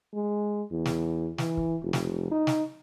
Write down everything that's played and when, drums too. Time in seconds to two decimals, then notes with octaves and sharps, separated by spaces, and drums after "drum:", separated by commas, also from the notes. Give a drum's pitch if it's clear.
0.14 G#3
0.71 E2
0.85 drum: snare
1.38 E3, drum: snare
1.57 drum: kick
1.83 F1
1.93 drum: snare
2.31 D#4
2.47 drum: snare